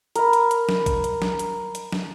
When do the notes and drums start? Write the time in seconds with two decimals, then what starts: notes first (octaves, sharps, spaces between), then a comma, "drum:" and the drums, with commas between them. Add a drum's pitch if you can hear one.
0.16 A#4 B5, drum: hi-hat
0.33 drum: hi-hat
0.51 drum: hi-hat
0.69 drum: snare
0.86 drum: kick A#1, hi-hat
1.04 drum: hi-hat
1.22 drum: snare
1.39 drum: hi-hat
1.75 drum: hi-hat
1.92 drum: snare